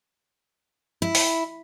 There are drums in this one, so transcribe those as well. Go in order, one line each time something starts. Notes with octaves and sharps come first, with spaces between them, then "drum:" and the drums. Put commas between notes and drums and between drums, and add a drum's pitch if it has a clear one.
E4
drum: open hi-hat